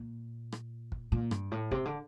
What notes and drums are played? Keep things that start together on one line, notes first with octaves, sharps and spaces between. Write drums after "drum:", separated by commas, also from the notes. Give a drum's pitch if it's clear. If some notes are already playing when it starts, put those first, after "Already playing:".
Already playing: A#2
drum: rim click
drum: kick
A#2
G2, drum: rim click
A2
C3, drum: kick
D3